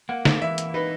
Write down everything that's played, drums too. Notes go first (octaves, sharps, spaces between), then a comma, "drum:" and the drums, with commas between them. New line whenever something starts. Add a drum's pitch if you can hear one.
A#3 F#5
drum: snare
E3 E5
drum: hi-hat
D#4 B4